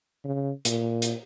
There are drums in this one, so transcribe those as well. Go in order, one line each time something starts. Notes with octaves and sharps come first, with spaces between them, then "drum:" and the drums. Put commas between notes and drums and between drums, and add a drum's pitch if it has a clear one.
C#3
A#2, drum: hi-hat
drum: hi-hat